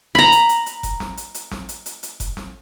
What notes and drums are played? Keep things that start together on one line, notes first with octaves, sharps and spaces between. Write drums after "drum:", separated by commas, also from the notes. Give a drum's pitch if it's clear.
A#5 B5, drum: snare
drum: hi-hat
drum: hi-hat
drum: hi-hat
drum: kick F1, hi-hat
drum: snare
drum: hi-hat
drum: hi-hat
drum: snare
drum: hi-hat
drum: hi-hat
drum: hi-hat
drum: kick F1, hi-hat
drum: snare